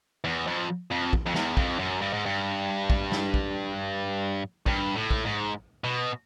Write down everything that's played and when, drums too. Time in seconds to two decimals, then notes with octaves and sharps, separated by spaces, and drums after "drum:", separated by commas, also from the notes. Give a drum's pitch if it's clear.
0.24 E2
0.47 F2
0.91 F2
1.13 drum: kick
1.26 F2
1.35 E2, drum: snare
1.57 F2, drum: kick
1.79 F#2
2.01 G2
2.13 G#2
2.26 G2
2.90 drum: kick
3.12 drum: snare
3.34 drum: kick
4.66 G2, drum: kick
4.96 A2
5.11 drum: kick
5.25 G#2
5.84 B2